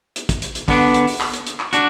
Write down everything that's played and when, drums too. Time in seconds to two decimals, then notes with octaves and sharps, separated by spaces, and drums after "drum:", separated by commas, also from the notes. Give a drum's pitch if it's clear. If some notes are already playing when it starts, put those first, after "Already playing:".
0.16 drum: hi-hat
0.29 drum: kick, hi-hat
0.42 drum: hi-hat
0.55 drum: hi-hat
0.68 D3 B3 D4, drum: kick, open hi-hat
0.94 drum: hi-hat
1.07 drum: open hi-hat
1.20 drum: clap
1.34 drum: hi-hat
1.47 drum: hi-hat
1.60 drum: clap
1.73 D4 F#4, drum: hi-hat